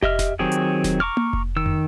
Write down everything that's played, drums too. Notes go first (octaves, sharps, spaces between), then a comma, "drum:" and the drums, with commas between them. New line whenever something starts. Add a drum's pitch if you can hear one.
G4 D#5 E5 F6, drum: kick F1
drum: snare E1
D#3 F#3 C4 G4 G#4
drum: hi-hat
drum: snare E1
A#5 C#6 D6 F6
drum: tom A#3
drum: kick F1
D#3 E6
drum: tom